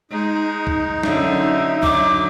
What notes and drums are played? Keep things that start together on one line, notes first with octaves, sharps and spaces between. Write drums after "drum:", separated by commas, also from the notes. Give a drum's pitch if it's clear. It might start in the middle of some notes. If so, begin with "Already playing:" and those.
G#3 D#4
drum: kick
F#2 D3 E5, drum: snare
D3 F#3 D6, drum: kick